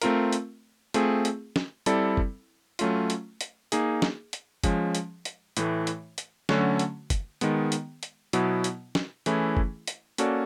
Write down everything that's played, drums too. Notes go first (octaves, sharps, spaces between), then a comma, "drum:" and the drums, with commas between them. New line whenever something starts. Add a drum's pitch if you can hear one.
A3 C4 F4 A#4, drum: hi-hat
drum: hi-hat
A3 C4 F4 G#4, drum: hi-hat
drum: hi-hat
drum: snare
G3 C4 E4 A4 D5, drum: hi-hat
drum: kick
F#3 A3 C#4 F4, drum: hi-hat
drum: hi-hat
drum: hi-hat
A#3 D#4 G#4, drum: hi-hat
drum: snare
drum: hi-hat
F3 G#3 C#4, drum: kick, hi-hat
drum: hi-hat
drum: hi-hat
A2 E3 A3, drum: hi-hat
drum: hi-hat
drum: hi-hat
D3 F#3 A3 C#4 F#4, drum: snare
drum: hi-hat
drum: kick, hi-hat
D#3 G#3 B3, drum: hi-hat
drum: hi-hat
drum: hi-hat
B2 F#3 B3 E4, drum: hi-hat
drum: hi-hat
drum: snare
E3 A3 C#4 E4 G#4, drum: hi-hat
drum: kick
drum: hi-hat
A#3 C#4 F#4 A4 D5, drum: hi-hat